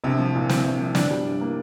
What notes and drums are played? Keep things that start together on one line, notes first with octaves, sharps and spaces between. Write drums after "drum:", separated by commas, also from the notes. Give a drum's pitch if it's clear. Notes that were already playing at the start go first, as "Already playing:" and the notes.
A#1 C3
F3
A#2
C4, drum: snare
A#1
F3
G1 D4, drum: snare
G3
G2
A#3